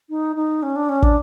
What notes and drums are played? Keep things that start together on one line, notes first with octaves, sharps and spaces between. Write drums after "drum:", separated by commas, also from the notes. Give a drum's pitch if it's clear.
D#4
D#4
C#4
D4
C#4
D4, drum: kick